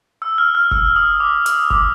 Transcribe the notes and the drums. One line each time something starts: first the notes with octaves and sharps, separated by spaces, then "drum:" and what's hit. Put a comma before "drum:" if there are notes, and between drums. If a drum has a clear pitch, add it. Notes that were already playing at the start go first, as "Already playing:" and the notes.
E6
F6
F6
E6, drum: kick
D#6
D6
D#6, drum: hi-hat
D6, drum: kick